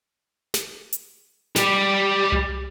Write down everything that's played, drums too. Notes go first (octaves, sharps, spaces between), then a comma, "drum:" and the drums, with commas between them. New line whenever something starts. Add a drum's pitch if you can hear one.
drum: snare
drum: hi-hat
G3 G4, drum: snare
drum: tom C2